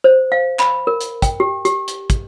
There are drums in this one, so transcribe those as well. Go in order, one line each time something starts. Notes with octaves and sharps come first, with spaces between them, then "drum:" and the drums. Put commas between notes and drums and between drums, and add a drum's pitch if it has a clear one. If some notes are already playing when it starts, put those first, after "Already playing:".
C5
F5
B5, drum: clap
A#4
drum: hi-hat
G5, drum: kick, hi-hat
G4
G4, drum: hi-hat
drum: hi-hat
drum: kick, hi-hat